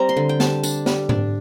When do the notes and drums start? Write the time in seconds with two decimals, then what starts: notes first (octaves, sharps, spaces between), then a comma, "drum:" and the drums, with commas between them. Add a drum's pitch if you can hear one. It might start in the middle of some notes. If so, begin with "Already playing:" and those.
Already playing: G3 C4 A#5
0.09 C6
0.17 D3
0.29 G5
0.40 G3 A5, drum: snare
0.63 D4, drum: tambourine
0.86 G3, drum: snare
1.09 D4, drum: tom G#2